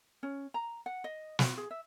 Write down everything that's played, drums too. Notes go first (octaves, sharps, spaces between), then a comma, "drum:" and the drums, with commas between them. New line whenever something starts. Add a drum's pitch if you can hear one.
C#4
A#5
F#5
D#5
F#4, drum: snare
G#4
E5